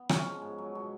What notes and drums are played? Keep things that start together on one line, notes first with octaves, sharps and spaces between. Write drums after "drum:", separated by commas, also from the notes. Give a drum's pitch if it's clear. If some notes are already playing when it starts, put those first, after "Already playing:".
Already playing: B3
F3 C#4, drum: rim click
G#2
G#2
F#3
B2